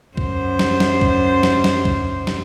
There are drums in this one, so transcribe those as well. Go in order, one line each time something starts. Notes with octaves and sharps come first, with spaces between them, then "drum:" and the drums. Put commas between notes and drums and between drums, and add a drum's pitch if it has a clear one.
F#2 C5, drum: kick
drum: snare
drum: snare
drum: kick
drum: snare
drum: snare
drum: kick
drum: snare